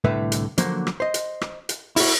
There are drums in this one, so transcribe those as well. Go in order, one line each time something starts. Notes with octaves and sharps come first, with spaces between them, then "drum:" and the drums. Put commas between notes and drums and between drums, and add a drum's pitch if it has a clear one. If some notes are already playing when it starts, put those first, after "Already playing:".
C2 A2 D3 A3 B4 E5
drum: hi-hat
D3 F3 F#3 A#3 C5, drum: hi-hat
drum: rim click
C5 D#5
drum: hi-hat
drum: rim click
drum: hi-hat
E4 F#4, drum: open hi-hat